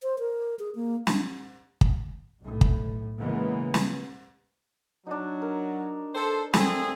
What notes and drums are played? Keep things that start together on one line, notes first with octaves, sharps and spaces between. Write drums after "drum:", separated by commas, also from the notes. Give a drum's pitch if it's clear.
C5
A#4
G#4
A#3
D4, drum: snare
drum: kick
B1 A2
drum: kick
C#3 E3 G#3 A#3 B3
drum: snare
F#3 D4 D#4
A#4
A4 C5
A3 C4 G#4, drum: snare